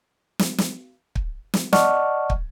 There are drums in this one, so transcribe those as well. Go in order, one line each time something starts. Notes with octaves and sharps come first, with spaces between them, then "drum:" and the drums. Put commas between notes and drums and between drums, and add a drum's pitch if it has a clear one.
drum: snare
drum: snare
drum: kick
drum: snare
D5 D#5 F#5 A5 C#6 F6, drum: snare
drum: kick